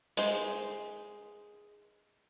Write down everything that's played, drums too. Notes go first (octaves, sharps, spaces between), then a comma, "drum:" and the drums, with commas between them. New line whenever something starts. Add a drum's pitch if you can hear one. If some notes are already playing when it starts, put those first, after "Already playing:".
G#3 C5, drum: hi-hat